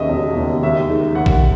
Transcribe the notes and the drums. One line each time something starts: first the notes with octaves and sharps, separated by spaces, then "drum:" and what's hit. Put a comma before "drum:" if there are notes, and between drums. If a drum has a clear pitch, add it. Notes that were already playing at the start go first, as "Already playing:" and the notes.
Already playing: D#2 C#3 D#5 E5
E1
D#2 C#3
D#2 E5
D#3 G#3 D#4
D#2 F#5
drum: kick A1